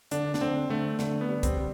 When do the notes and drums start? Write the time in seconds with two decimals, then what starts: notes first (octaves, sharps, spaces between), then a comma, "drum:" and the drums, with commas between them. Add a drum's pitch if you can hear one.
0.11 D3 D4, drum: hi-hat
0.34 D4, drum: snare
0.41 D3 C4
0.69 D3 A3
0.99 D3 A3, drum: snare
1.21 B3
1.29 G3
1.43 C4, drum: kick, hi-hat
1.58 G3